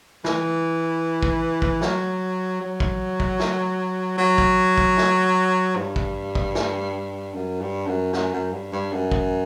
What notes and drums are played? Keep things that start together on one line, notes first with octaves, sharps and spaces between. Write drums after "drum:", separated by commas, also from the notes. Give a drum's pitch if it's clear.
E3, drum: snare
drum: kick
drum: kick
F#3, drum: snare
F#3
drum: kick
drum: kick
drum: snare
F#3
drum: kick
drum: kick
drum: snare
G2
drum: kick
drum: kick
drum: snare
F#2
G2
F#2
F#2, drum: snare
F#2
G2
G2
F#2
drum: kick